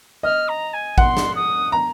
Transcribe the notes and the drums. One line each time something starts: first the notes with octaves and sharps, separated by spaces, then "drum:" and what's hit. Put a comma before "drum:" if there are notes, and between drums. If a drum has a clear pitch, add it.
D#5 F6
A#5
G#5
F#5 C6, drum: kick A1
drum: snare
D#6
A#5